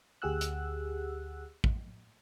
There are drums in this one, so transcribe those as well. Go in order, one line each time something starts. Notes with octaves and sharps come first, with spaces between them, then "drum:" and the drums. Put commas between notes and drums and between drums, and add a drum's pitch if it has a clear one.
D2 G4 G#4 F#5 E6 F#6
drum: hi-hat
drum: kick A1